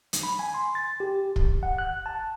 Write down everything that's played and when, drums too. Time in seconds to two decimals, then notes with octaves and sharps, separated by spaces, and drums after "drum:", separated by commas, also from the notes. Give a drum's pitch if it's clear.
0.13 drum: hi-hat
0.23 B5
0.39 G#5
0.54 C6
0.75 A6
1.00 G4
1.36 G#1, drum: kick
1.63 F#5
1.78 F#6
2.06 A5